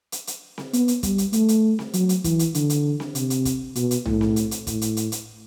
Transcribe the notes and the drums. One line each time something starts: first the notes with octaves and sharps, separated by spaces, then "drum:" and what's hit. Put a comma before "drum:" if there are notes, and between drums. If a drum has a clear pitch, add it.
drum: hi-hat
drum: hi-hat
drum: snare C4
B3, drum: hi-hat
drum: hi-hat
G3, drum: kick, hi-hat
drum: hi-hat
A3, drum: hi-hat
drum: hi-hat
drum: snare C4
F#3, drum: hi-hat
drum: hi-hat
E3, drum: kick, hi-hat
drum: hi-hat
D3, drum: hi-hat
drum: hi-hat
drum: snare C4
C3, drum: hi-hat
drum: hi-hat
drum: kick, hi-hat
B2, drum: hi-hat
drum: hi-hat
A2, drum: tom
drum: snare C4
drum: hi-hat
drum: hi-hat
A2, drum: kick, hi-hat
drum: hi-hat
drum: hi-hat
drum: hi-hat